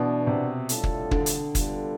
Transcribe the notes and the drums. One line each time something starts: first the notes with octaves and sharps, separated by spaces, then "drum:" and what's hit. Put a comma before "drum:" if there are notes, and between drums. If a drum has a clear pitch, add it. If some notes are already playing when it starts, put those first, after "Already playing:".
Already playing: B2 E3 B3 D4
C3
A2 G3 D4 F4 A4, drum: hi-hat
drum: kick
D3, drum: kick
drum: hi-hat
G3 B3 F4 A4, drum: kick, hi-hat